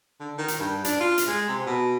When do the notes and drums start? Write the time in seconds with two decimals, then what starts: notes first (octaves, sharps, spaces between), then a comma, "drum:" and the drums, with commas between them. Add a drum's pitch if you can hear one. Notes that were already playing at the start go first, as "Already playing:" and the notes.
0.20 D3
0.38 D#3
0.48 drum: hi-hat
0.60 G2
0.85 D4, drum: hi-hat
1.00 F4
1.18 drum: hi-hat
1.28 G#3
1.49 C3
1.67 B2